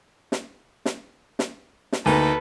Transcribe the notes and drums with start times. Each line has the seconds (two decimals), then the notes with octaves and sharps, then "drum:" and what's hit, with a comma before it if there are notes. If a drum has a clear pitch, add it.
0.32 drum: snare
0.85 drum: snare
1.39 drum: snare
1.92 drum: snare
2.06 D2 A#3 D#4 A4 B4